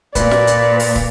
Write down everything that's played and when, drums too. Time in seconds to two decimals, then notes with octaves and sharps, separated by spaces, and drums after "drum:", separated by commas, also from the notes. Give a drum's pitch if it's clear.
0.15 A#2 B4 D5, drum: kick, hi-hat
0.31 drum: snare
0.47 drum: hi-hat
0.79 drum: open hi-hat
0.95 drum: kick